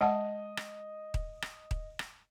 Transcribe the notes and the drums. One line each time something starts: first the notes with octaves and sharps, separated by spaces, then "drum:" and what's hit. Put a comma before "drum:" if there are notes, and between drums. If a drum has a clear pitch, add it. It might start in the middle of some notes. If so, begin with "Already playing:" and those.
G#3 D#5 F#5 A5
drum: rim click
drum: kick D#1
drum: rim click
drum: kick D#1
drum: rim click